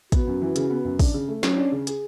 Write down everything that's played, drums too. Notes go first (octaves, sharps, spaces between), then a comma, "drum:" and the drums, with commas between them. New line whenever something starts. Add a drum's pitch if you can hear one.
B3 F#4, drum: kick, hi-hat
F#2
E3
C#3, drum: hi-hat
B3
F#2
D4, drum: kick, open hi-hat
C#3
A3
F#3 C#4, drum: snare
D4
C#3
G#4, drum: hi-hat